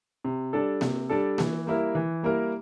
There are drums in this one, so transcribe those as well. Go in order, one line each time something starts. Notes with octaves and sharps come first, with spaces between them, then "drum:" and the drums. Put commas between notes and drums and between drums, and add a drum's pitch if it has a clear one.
C3
G3 D4 A4
C3, drum: snare A#3
G3 D4 A4
E3, drum: snare A#3
G3 A#3 E4 A#4
E3
G3 A#3 E4 A#4